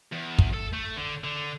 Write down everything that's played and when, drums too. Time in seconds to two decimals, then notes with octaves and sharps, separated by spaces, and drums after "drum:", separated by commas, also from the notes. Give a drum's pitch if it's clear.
0.12 E2
0.39 drum: kick
0.53 A4
0.73 A3
0.97 D3
1.24 D3